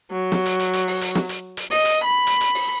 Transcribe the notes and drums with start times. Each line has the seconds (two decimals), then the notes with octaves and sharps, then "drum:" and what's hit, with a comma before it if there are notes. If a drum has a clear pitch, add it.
0.12 F#3
0.32 drum: snare
0.46 drum: hi-hat
0.60 drum: hi-hat
0.74 drum: hi-hat
0.87 drum: open hi-hat
1.01 drum: hi-hat
1.15 drum: snare
1.29 drum: hi-hat
1.57 drum: hi-hat
1.71 D#5, drum: open hi-hat
1.85 drum: hi-hat
2.05 B5
2.27 drum: hi-hat
2.41 drum: hi-hat
2.55 drum: open hi-hat